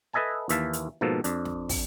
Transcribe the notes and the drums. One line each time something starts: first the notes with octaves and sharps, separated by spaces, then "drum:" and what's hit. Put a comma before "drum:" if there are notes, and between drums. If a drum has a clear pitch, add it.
A4 B4 D#5 E5 G#5 A5
D#2 E3 E5 F5 A5, drum: hi-hat
drum: hi-hat
G#2 B2 F3 A#3 A4
F2 D4, drum: hi-hat
drum: snare
drum: kick, open hi-hat